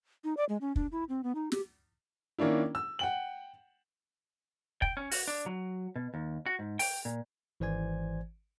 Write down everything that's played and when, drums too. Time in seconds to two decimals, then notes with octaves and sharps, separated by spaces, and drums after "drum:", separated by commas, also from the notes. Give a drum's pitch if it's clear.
0.24 D#4
0.37 D5
0.49 G#3
0.61 C#4
0.76 D4, drum: kick
0.92 E4
1.09 C4
1.24 B3
1.35 D#4
1.52 G4, drum: snare
2.39 D#3 A#3 C#4 D4 E4
2.75 E6
2.99 F#5 G5 F#7
4.82 G5, drum: kick
4.97 C#4
5.11 F#4, drum: open hi-hat
5.28 D4
5.46 F#3
5.96 B2
6.14 D#2
6.46 F#4
6.59 G#2
6.79 G5, drum: open hi-hat
7.05 A#2
7.60 G#1 E3 C5 D5 G#5 G#6